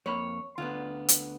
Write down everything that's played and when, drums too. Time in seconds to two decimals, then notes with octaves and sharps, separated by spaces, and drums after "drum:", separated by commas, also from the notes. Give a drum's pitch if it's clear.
0.06 F2 A#3 C#5 B5
0.58 D2 D3 B3 F4
1.08 drum: hi-hat